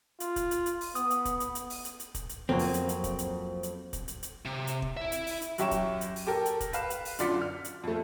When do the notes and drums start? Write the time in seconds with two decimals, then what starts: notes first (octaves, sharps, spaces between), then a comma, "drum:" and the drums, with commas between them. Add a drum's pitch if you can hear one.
0.20 F4, drum: hi-hat
0.36 drum: kick, hi-hat
0.51 drum: hi-hat
0.66 drum: hi-hat
0.81 drum: open hi-hat
0.95 B3 D#6, drum: hi-hat
1.10 drum: hi-hat
1.25 drum: kick, hi-hat
1.40 drum: hi-hat
1.55 drum: hi-hat
1.70 drum: open hi-hat
1.85 drum: hi-hat
2.00 drum: hi-hat
2.14 drum: kick, hi-hat
2.29 drum: hi-hat
2.49 F2 F#3 A#3 C4 C#6
2.59 drum: open hi-hat
2.74 drum: hi-hat
2.89 drum: hi-hat
3.04 drum: kick, hi-hat
3.19 drum: hi-hat
3.63 drum: hi-hat
3.93 drum: kick, hi-hat
4.08 drum: hi-hat
4.23 drum: hi-hat
4.45 C3
4.67 drum: hi-hat
4.82 drum: kick
4.97 E4 E5
5.12 drum: hi-hat
5.27 drum: open hi-hat
5.42 drum: hi-hat
5.58 F#2 F#3 G4 E5 C#6 E7, drum: hi-hat
5.71 drum: kick, hi-hat
6.01 drum: hi-hat
6.16 drum: open hi-hat
6.27 G4 A4 A#4
6.46 drum: hi-hat
6.60 drum: kick, hi-hat
6.73 B4 F5 E7, drum: hi-hat
6.90 drum: hi-hat
7.05 drum: open hi-hat
7.19 F#2 D3 F4 D5 B6 C#7, drum: hi-hat
7.42 F6
7.64 drum: hi-hat
7.83 F2 A3